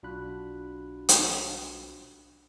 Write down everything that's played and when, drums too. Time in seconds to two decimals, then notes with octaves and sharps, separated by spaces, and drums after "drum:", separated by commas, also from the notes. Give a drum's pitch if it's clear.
0.03 B1 D4 F4 F#4 B5 F#6
1.09 drum: hi-hat